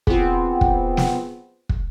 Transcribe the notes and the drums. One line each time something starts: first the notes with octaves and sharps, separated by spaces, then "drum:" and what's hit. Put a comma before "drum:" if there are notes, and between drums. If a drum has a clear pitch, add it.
B3 C4 F4 G#4, drum: kick
drum: kick
drum: snare
drum: kick